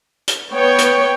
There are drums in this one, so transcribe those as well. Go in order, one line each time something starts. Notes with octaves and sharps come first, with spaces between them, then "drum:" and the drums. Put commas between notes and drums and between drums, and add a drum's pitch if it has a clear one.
drum: hi-hat
B3 C#5 G5
drum: hi-hat